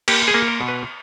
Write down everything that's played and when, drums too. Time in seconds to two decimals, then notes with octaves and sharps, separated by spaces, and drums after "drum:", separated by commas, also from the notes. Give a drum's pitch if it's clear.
0.08 A#3 G4, drum: cymbal
0.28 G#4
0.34 A#3
0.48 A#4
0.61 B2
0.68 B4